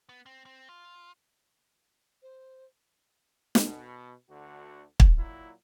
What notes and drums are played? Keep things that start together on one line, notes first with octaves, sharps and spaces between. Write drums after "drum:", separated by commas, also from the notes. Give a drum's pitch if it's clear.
B3
C4
C4
F4
C5
drum: snare
B2
D2 D3 F#4
drum: kick
A#2 F#3 E4